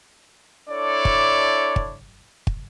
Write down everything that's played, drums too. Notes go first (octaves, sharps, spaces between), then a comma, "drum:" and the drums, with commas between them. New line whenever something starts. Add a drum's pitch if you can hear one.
D4 E4 A4 C#5 D5
drum: kick
drum: kick
drum: kick